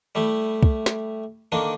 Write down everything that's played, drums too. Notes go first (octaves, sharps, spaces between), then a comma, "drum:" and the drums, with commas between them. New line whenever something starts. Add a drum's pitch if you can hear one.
G3 A3 E4
drum: kick
drum: snare
D3 D#3 A#3 D4